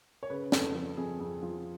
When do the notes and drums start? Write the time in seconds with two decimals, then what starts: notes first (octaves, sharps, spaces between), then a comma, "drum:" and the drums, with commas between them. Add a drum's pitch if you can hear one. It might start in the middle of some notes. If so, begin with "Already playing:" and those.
0.23 C#5
0.30 C#3 B4
0.52 F2 A4, drum: snare
0.74 F3 A4
0.97 F2 G#4
1.20 F2 G#4
1.42 F3 F4